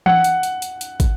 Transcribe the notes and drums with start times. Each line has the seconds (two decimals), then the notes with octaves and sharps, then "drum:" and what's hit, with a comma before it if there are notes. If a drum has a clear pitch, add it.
0.06 F#5, drum: tom E3
0.24 drum: hi-hat
0.43 drum: hi-hat
0.62 drum: hi-hat
0.81 drum: hi-hat
1.00 drum: kick, hi-hat